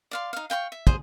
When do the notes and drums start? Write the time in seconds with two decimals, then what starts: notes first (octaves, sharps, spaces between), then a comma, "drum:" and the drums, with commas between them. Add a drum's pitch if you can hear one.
0.11 D5 F5 C6
0.33 D#4 F5
0.50 F5 G5 B5 C#6
0.72 E5
0.87 G#4 C5, drum: kick